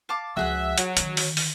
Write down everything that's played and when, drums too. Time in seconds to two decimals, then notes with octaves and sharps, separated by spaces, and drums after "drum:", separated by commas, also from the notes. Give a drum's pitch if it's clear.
0.09 F5 A5 D6
0.37 C#2 F3 F#4 G#4 E5 F#5
0.78 F#3, drum: hi-hat
0.97 D3 D#3, drum: hi-hat
1.17 drum: open hi-hat
1.37 drum: open hi-hat